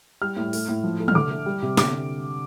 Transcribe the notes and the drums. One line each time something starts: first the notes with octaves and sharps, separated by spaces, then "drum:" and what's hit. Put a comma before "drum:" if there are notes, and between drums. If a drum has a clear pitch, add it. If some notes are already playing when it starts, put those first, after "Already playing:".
G3 F6
A2
A3, drum: open hi-hat
A2
F3
A3
F6, drum: tom
D3 D6
A3
G3
C3
D3 D6, drum: snare